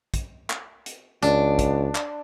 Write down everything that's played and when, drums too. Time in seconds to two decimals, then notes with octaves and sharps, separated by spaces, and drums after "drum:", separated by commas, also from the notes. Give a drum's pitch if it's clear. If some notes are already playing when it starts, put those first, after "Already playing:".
0.14 drum: kick, hi-hat
0.50 drum: clap
0.86 drum: hi-hat
1.22 C#2 D4, drum: hi-hat
1.59 drum: kick, hi-hat
1.95 drum: clap